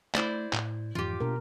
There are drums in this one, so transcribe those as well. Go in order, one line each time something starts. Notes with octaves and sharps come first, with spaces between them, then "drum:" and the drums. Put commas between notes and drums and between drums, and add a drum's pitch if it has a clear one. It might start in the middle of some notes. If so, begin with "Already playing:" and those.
A3 E4 C5 D5, drum: clap
A2, drum: clap
F2 G#2 E3 F4 G4
B2 A#3 D4 A#4